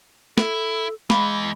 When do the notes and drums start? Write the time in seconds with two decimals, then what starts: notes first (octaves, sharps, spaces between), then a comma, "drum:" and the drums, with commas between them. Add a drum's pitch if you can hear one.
0.38 E4 A4, drum: snare
1.10 E2 E3 G#3 F5 A#5 B5, drum: snare